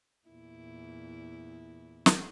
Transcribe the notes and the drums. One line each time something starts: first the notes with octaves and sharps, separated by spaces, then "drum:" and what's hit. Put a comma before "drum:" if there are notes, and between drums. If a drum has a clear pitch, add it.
E2 A#2 E4
drum: snare